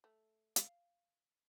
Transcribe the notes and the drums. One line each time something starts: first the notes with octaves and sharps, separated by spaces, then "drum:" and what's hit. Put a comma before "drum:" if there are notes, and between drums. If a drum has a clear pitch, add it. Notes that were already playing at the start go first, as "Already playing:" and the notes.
A3
F5, drum: hi-hat